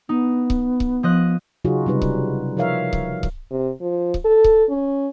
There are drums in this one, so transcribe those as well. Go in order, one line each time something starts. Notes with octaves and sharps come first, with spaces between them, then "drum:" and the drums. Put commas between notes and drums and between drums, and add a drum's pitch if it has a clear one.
B3 D#4
drum: kick C#1
drum: kick C#1
F3 D#5 F#6
C#3 F#3 D#4 F4 F#4 G#4
C3 G3 D#4 B4
drum: kick C#1
F3 D#4 A#4 C#5 E5 F5
drum: kick C#1
drum: kick C#1
C3
F3
drum: kick C#1
A4
drum: kick C#1
C#4